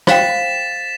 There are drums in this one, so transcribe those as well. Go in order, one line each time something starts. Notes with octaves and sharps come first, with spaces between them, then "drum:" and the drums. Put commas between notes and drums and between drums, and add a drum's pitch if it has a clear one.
C5 F5 G5 A6 B6 E7, drum: rim click